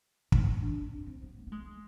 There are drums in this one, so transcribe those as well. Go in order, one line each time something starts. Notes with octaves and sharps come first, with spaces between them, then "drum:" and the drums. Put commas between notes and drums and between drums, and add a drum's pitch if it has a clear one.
D#4, drum: kick
D4
C4
C4
B3
G#3
B3
G#3